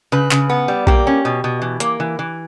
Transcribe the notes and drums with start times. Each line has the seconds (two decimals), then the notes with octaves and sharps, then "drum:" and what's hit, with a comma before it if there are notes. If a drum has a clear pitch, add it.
0.12 C#3 B4
0.31 C#3, drum: clap
0.50 B3
0.68 G3
0.87 A#3 G4, drum: kick A#1
1.07 C#4
1.25 B2
1.44 B2
1.62 E3
1.80 A#3, drum: hi-hat
2.00 E3
2.19 E3